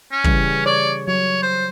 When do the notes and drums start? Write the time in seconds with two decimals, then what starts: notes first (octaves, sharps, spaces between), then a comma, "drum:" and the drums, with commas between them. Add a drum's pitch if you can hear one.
0.12 C#4
0.24 C#3 E3 G3, drum: kick
0.66 C#5 D5
1.08 F#3 C#5
1.43 C5